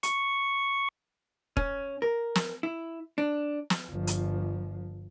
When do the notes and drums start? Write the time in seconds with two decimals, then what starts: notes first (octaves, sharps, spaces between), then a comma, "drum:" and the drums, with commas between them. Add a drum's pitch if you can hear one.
0.03 C#6, drum: hi-hat
1.57 C#4, drum: kick
2.02 A#4
2.35 drum: snare
2.63 E4
3.18 D4
3.70 drum: snare
3.91 G1 F3
4.07 drum: hi-hat